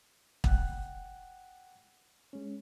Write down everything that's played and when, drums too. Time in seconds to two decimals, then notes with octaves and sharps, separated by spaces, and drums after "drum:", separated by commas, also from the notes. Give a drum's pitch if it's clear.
0.44 F#5 G5 F#6, drum: kick
2.33 G#3 C#4